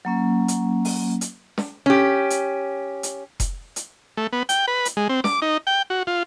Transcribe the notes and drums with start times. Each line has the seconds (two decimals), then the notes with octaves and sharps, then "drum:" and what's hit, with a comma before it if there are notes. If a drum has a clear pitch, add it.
0.05 F#3 A#3 C#4
0.48 drum: hi-hat
0.85 drum: open hi-hat
1.21 drum: hi-hat
1.58 drum: snare
1.86 C#4 G4
2.30 drum: hi-hat
3.03 drum: hi-hat
3.40 drum: kick F1, hi-hat
3.76 drum: hi-hat
4.17 A3
4.33 B3
4.49 G5, drum: hi-hat
4.68 B4
4.85 drum: hi-hat
4.97 G#3
5.09 C4
5.24 D6, drum: snare
5.42 D#4
5.67 G5
5.90 F#4
6.07 F4